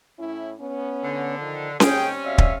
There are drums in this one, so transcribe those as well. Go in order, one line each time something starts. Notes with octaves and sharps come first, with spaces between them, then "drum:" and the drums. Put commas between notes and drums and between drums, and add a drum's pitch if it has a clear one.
A2 C#4 E4
B3 C#4
D3
D#3 F3 A4
D#2 G#2 G3 C4 C#4 G#4 G5, drum: snare C#4
B2 F#4 D5 E5 F5
drum: kick